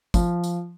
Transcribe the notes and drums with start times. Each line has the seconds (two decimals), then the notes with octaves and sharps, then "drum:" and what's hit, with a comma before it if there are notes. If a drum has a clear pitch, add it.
0.14 F3, drum: kick, tambourine
0.44 drum: tambourine